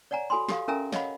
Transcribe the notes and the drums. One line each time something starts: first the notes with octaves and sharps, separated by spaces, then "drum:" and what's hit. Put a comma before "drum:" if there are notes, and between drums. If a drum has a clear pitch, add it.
C#5 D5 F#5 G#5 A#5
F#4 A4 G#5 B5 C6
G4 A4 F5, drum: snare
C#4 A4 A#4 E5 G#5 A#5
C#5 D#5 F5 F#5 B5, drum: snare